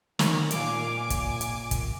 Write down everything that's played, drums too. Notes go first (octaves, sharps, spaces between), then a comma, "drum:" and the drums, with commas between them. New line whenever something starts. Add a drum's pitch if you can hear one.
D#3, drum: snare
A#2 F5 G#5 D6, drum: hi-hat
G#5 D6
drum: kick, hi-hat
drum: hi-hat
drum: kick, hi-hat